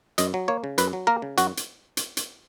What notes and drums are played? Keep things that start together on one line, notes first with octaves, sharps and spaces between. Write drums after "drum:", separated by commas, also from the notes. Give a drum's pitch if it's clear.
F#2 D#5, drum: hi-hat
F#3
A#3 C#5
C#3
F#2 B4, drum: hi-hat
F#3
A#3 A#4
C#3
F#2 F#4, drum: hi-hat
drum: hi-hat
drum: hi-hat
drum: hi-hat